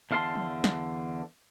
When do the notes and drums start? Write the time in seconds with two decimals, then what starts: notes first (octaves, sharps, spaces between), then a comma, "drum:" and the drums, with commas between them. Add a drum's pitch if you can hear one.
0.11 E2 D3 F5 A5 C6
0.35 drum: tom
0.64 drum: snare